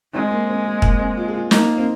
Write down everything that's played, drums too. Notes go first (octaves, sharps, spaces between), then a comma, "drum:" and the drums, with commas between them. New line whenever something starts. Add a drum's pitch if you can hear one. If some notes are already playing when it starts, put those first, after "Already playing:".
G#3 C4
A#3
C4
A#3
A#3, drum: kick
C4
F4
G#4
F4
A#3 D#4, drum: snare
C4